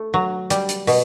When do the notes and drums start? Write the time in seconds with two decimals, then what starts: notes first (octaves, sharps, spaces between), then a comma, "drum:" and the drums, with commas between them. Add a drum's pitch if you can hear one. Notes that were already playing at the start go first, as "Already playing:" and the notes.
Already playing: A3
0.14 F#3
0.50 G3, drum: hi-hat
0.69 drum: hi-hat
0.87 B2, drum: open hi-hat